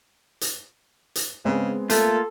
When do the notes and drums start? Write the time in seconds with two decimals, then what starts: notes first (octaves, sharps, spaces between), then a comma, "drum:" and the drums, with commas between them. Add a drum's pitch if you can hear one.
0.41 drum: hi-hat
1.15 drum: hi-hat
1.45 C#3 G#3 B3 C4
1.90 A3 A#3 F4 A4, drum: hi-hat